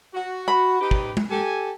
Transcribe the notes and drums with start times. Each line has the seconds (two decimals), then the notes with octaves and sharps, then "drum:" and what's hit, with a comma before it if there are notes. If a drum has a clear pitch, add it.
0.15 F#4
0.48 B5
0.81 D#4 G4 B4
0.91 drum: kick
1.17 drum: tom G#3
1.31 G4 A4 G#5